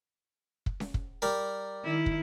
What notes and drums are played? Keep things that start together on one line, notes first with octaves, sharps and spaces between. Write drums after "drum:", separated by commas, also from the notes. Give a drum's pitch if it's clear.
drum: kick
drum: snare C#4
drum: kick
G3 A#4
D#3 E4
drum: kick